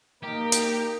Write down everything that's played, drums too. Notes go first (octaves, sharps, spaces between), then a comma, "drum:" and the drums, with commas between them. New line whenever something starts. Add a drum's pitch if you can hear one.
A#3 D#4 G4 A#4
drum: hi-hat